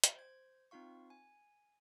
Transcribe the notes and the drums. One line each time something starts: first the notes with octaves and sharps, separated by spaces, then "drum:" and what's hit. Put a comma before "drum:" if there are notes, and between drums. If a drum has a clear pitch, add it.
drum: hi-hat
C5 G#6
C4 D#4 F4 F5 C#6
G#5